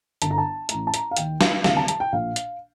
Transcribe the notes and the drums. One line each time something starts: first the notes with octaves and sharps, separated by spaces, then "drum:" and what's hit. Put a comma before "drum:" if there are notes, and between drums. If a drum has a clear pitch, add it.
G1 G2 D3 A5, drum: hi-hat
A#5
A5
A1 A2 A#5, drum: hi-hat
A5
A#5, drum: hi-hat
F5
D#2 D#3 G5, drum: hi-hat
F5, drum: snare
D2 C3 D#3 F5, drum: snare
A5
A5, drum: hi-hat
G5
A#1 A#2 F5
drum: hi-hat